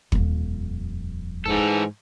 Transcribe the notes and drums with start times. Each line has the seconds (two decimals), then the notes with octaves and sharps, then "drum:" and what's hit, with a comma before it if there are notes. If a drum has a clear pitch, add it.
0.12 D#1 F2, drum: kick
1.46 G#2 E3 A4